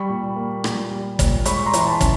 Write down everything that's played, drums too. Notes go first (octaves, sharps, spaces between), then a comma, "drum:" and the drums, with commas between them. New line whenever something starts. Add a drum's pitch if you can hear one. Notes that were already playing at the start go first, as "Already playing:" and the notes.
Already playing: G3 B5 C#6
A#2
A#3
A#2, drum: rim click
G3
A#2, drum: kick, hi-hat
G#3 B5 C#6, drum: hi-hat
C#6
A#5 C6
E3, drum: hi-hat
C6
A5 B5
C#4, drum: kick, hi-hat